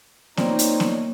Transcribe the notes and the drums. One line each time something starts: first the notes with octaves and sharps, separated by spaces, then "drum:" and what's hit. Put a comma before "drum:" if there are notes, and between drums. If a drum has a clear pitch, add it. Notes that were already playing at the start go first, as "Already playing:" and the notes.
A#3 C4 D#4 F4 C#5 D5, drum: snare B3
drum: hi-hat
drum: snare B3